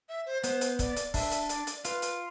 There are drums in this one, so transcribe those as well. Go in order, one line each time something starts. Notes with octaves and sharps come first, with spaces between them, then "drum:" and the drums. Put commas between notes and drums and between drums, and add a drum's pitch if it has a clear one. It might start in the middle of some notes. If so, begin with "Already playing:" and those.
E5
C5
B3 C5, drum: hi-hat
drum: hi-hat
D5, drum: kick, hi-hat
drum: hi-hat
D4 E5, drum: kick, open hi-hat
drum: hi-hat
D5, drum: hi-hat
drum: hi-hat
F4 B4, drum: hi-hat
drum: hi-hat